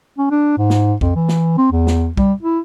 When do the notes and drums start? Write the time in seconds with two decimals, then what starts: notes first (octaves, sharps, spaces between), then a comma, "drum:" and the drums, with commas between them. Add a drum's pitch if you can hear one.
0.18 C#4
0.31 D4
0.57 G#2
0.70 drum: snare
1.01 F2, drum: kick
1.16 E3
1.28 drum: snare
1.58 C4
1.72 E2
1.87 drum: snare
2.17 G3, drum: kick
2.42 E4